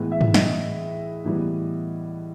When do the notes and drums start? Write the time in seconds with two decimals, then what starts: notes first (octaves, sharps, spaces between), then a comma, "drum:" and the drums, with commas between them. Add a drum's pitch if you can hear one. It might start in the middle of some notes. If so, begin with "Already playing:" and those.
Already playing: A2 E3 G#3 B3
0.12 E5
0.21 drum: tom
0.34 D#5, drum: snare
1.25 A2 E3 G3 B3